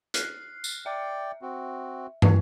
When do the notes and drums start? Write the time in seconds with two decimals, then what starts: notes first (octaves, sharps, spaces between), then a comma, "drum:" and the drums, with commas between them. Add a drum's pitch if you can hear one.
0.14 F6 F#6 C7, drum: hi-hat
0.64 drum: tambourine
0.86 D5 E5 G5
1.42 C4 F#4
2.22 E4 B4, drum: tom